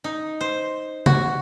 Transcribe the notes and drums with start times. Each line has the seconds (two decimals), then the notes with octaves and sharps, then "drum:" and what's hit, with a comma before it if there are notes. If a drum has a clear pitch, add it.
0.04 D#4
0.41 C5
1.06 F#4, drum: tom